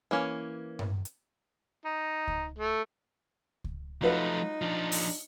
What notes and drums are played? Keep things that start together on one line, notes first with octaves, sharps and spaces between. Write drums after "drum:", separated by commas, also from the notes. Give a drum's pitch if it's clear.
E3 A#3 C#4
drum: tom G2
drum: hi-hat
D#4
drum: kick C#2
A3
drum: kick C#2
F3 F#3 A3 D#4 F4 B4
F3 D4
drum: open hi-hat